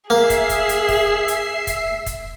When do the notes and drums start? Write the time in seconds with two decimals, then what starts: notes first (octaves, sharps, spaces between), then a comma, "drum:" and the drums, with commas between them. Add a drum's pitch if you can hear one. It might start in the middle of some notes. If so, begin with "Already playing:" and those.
0.10 A#3 G#4 E5 C7
0.30 drum: kick, hi-hat
0.49 drum: kick, hi-hat
0.69 drum: hi-hat
0.89 drum: kick, open hi-hat
1.28 drum: hi-hat
1.67 drum: kick, hi-hat
2.06 drum: kick, hi-hat